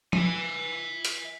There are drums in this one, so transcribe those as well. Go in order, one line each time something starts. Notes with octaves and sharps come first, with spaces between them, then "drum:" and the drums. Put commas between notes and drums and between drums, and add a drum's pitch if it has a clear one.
E5 G#5, drum: tom F3
drum: hi-hat